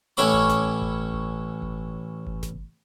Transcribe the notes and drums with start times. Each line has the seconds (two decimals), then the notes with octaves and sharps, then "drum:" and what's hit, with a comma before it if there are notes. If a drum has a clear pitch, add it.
0.17 A1 C#4 E4 C#5 B5 D6
0.33 drum: kick G1
0.49 drum: snare G#1
0.82 drum: kick G1
1.14 drum: kick G1
1.62 drum: kick G1
2.27 drum: kick G1
2.43 drum: snare G#1